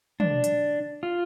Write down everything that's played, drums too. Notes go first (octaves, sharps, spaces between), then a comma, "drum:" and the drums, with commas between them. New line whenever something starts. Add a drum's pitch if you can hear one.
D4, drum: tom
drum: hi-hat
F4